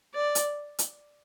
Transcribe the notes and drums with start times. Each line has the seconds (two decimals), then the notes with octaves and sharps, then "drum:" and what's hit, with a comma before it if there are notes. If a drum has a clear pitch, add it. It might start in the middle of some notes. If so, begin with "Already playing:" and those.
0.14 D5
0.35 drum: hi-hat
0.79 drum: hi-hat